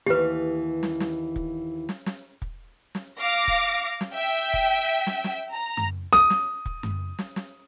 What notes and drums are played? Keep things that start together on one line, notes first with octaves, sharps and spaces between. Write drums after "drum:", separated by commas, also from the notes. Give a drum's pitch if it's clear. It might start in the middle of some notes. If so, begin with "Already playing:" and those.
D#2 E3 G4 B4
drum: snare
drum: snare
drum: kick
drum: snare
drum: snare
drum: kick
drum: snare
F5 D6 A#6
drum: kick
drum: snare
E5 G5
drum: kick
drum: snare
drum: snare
A#5
drum: tom F#2
D#6, drum: snare
drum: snare
drum: kick
drum: tom F#2
drum: snare
drum: snare